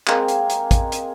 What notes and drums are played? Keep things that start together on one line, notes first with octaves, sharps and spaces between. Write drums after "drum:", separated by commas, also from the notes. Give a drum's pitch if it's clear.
G#3 A#3 C4 G#4, drum: clap
drum: hi-hat
drum: hi-hat
drum: kick, hi-hat
drum: hi-hat